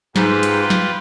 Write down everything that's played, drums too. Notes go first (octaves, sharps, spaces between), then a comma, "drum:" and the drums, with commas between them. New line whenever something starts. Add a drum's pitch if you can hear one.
G#2 F4 G4 B4, drum: snare
drum: hi-hat
drum: snare